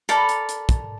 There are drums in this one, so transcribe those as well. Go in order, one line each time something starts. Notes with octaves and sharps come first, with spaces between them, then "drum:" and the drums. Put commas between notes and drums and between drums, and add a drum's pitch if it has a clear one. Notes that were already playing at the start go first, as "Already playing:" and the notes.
A4 A#4 D5 B5, drum: hi-hat
drum: hi-hat
drum: hi-hat
drum: kick, hi-hat